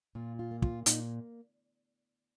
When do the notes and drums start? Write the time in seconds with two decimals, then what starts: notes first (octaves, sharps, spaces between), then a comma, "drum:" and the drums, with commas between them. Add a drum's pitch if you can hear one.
0.15 A#2 F4
0.39 F4
0.51 A#3
0.62 F4, drum: kick
0.86 A#2 D#4, drum: hi-hat